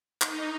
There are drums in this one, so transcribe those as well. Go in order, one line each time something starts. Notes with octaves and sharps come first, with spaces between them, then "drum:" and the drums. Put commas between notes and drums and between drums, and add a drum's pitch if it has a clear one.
D#4, drum: clap